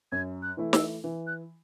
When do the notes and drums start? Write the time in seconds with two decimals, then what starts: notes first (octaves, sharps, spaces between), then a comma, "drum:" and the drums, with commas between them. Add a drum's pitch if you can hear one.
0.12 F#2 G#6
0.43 F#6
0.57 E3 A3 E4
0.73 E6, drum: snare
1.04 E3
1.27 F#6